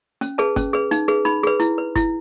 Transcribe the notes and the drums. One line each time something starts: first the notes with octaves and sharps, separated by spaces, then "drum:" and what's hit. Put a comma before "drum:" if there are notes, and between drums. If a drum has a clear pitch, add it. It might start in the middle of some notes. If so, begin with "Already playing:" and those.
C#4, drum: hi-hat
G#4 B4 A5
C#4, drum: kick G1, hi-hat
G#4 B4
D#4, drum: hi-hat
G#4 B4
D#4 B5
G#4 B4
E4, drum: hi-hat
B4
E4, drum: kick G1, hi-hat